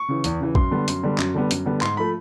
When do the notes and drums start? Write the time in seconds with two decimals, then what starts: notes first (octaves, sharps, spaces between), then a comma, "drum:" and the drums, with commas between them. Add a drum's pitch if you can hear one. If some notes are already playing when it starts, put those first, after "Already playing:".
Already playing: C#6
0.08 C#3 E3
0.24 E2, drum: hi-hat
0.40 C#3 E3
0.55 F#2 C6, drum: kick A#1
0.71 D3 G3 B3
0.88 F#2, drum: hi-hat
1.03 D3 G3 B3
1.18 F#2, drum: clap
1.34 D3 G3 B3
1.51 F#2, drum: hi-hat
1.66 D3 G3 B3
1.81 G#2 C6, drum: clap
1.97 F3 A3 B5